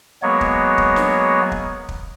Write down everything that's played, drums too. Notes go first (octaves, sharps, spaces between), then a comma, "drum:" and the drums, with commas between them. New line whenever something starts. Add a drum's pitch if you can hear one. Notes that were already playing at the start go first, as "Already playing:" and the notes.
F#3 G#3 A#3 B3 C#5
drum: kick
drum: kick
drum: snare
drum: kick
drum: kick